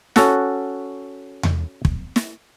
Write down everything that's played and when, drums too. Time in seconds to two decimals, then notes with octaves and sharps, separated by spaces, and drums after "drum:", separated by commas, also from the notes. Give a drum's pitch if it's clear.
0.16 C#4 F#4 A4 F#5, drum: snare
1.43 drum: tom E2
1.85 drum: kick
2.16 drum: snare